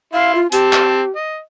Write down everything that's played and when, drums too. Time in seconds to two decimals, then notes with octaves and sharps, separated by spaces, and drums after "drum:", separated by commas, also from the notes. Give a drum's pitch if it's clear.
0.13 E4 F5 C6
0.35 F4
0.52 C4 G4 A5, drum: hi-hat
0.73 drum: clap
1.16 D#5